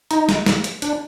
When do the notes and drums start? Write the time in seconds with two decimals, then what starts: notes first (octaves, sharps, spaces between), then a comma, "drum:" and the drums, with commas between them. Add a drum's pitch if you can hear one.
0.11 D#4, drum: hi-hat
0.29 drum: snare
0.46 drum: snare
0.64 drum: hi-hat
0.82 D4, drum: hi-hat